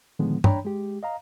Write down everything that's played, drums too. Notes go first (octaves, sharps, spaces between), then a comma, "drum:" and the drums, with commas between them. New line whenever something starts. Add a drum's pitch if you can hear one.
A2 D3 D#3 F3 G#3 B3
D4 C#5 G5 A#5 B5, drum: tom
G#3 G4
D#5 F5 A#5